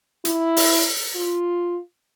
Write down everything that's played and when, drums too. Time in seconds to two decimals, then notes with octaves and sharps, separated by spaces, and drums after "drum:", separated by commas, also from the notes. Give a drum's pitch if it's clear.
0.25 E4, drum: hi-hat
0.57 drum: open hi-hat
1.15 F4